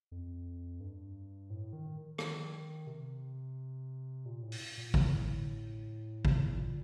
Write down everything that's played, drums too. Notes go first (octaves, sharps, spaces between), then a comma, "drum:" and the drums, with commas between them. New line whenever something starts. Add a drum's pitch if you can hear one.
F2
G2
A2
D#3
D#3, drum: rim click
C3
A#2
A2
drum: open hi-hat
A#2
A2, drum: kick G#1
A#2, drum: kick G#1
A2
A#2